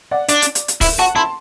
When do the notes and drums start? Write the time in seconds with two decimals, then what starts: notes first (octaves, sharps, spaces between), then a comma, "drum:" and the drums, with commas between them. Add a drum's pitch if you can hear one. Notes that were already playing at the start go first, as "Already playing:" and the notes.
0.11 D5 F#5
0.28 D4 D5, drum: hi-hat
0.42 drum: hi-hat
0.55 drum: hi-hat
0.68 drum: hi-hat
0.81 E4 E5, drum: kick, open hi-hat
0.99 F#4 F#5 A5
1.16 E4 A5 C6